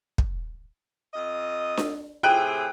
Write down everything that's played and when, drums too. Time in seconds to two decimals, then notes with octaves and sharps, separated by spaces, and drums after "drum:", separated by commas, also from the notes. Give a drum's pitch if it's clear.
0.18 drum: kick
1.13 F2 D#5
1.77 drum: snare D4
2.23 A2 C3 G#4 G5 F#6 D#7